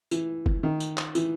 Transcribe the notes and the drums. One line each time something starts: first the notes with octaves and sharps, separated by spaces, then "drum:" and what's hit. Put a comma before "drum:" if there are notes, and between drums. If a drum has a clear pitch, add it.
E3, drum: tambourine
drum: kick
D#3
drum: tambourine
drum: clap
E3, drum: tambourine